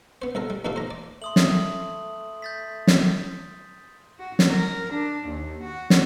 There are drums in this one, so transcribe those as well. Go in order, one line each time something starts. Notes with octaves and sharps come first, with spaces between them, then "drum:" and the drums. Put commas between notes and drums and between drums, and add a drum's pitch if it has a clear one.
B3 C5
C2 A4 A#4
G3
E2 A#2 D#4 G4 A4 F5
C5 A#5
D5
A3 C6 D#6 F#7
drum: snare
G6 A6 B6
drum: snare
F#4
drum: snare
A#4
D4
D#2
F#4
drum: snare